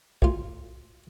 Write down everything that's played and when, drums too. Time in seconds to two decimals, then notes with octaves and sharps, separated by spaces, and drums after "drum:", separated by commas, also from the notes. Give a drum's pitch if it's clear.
0.22 D2 F4, drum: kick